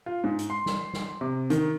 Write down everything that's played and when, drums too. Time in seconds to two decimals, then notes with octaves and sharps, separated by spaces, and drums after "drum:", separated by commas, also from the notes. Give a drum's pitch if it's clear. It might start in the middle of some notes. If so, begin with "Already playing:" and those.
0.06 F4
0.24 G#2
0.39 drum: hi-hat
0.50 C6
0.66 drum: snare
0.93 drum: snare
1.21 C3
1.50 D#3, drum: hi-hat